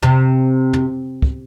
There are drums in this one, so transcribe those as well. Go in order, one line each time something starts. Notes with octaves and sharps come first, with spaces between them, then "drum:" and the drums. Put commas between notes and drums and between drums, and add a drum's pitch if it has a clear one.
C3, drum: tom
drum: tom
drum: kick